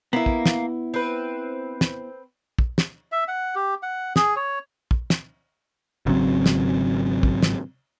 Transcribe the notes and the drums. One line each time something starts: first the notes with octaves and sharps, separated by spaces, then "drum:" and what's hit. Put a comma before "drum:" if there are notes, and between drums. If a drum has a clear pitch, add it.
A#3 B3 E4
drum: kick
drum: snare
C4 B4
drum: snare
drum: kick
drum: snare
E5
F#5
G4
F#5
G#4, drum: snare
C#5
drum: kick
drum: snare
G#1 C#3 F#3 C4
drum: snare
drum: kick
drum: snare